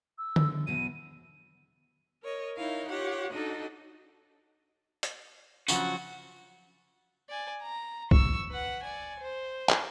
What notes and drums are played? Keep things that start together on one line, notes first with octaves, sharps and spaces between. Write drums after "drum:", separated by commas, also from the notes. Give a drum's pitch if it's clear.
E6
D3 A#3, drum: tom D3
E2 B2 F#3 D#7
A#4 C#5 D#5
D#4 E4 A#4 C#5 F5
F4 G4 C#5 F#5
D4 D#4 F#4 A4 D#5
drum: hi-hat
C#3 F3 F#3 F#4, drum: tambourine
D5 G#5
A#5
C#6 E6, drum: kick B1
B4 F#5
D5 G#5
C5
drum: clap